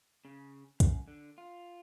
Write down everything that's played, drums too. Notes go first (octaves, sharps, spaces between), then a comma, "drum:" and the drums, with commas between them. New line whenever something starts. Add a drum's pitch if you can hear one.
C#3
F#2, drum: kick, hi-hat
D3
F4